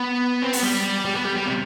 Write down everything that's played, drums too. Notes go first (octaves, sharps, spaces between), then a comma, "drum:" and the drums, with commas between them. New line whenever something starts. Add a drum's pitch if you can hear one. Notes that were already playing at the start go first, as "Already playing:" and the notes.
Already playing: B3
C4
B3, drum: open hi-hat
G3
G3
B3
G3
G3
C3